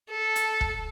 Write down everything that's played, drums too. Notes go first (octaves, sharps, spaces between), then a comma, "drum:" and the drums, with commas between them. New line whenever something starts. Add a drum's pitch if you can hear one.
A4
drum: hi-hat
drum: kick